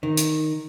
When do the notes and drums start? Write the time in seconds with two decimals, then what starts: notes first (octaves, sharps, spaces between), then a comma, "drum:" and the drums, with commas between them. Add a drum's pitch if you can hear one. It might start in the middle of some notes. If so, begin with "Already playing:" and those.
0.03 D#3
0.17 drum: hi-hat